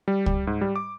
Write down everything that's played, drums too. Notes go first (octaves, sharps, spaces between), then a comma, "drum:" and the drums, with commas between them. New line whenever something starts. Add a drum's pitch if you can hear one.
G3
G3, drum: kick C#2
G#2
G3
D6